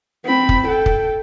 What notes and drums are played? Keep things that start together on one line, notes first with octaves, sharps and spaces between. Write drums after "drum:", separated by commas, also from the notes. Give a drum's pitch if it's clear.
C4 B5
drum: kick
A4 G5
drum: kick